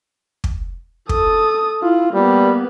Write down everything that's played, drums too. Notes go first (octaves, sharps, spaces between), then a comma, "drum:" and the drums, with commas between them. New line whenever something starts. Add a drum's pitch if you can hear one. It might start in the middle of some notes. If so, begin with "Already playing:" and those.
drum: kick
A4 D#6, drum: kick
E4 F4
G3 A#3 B3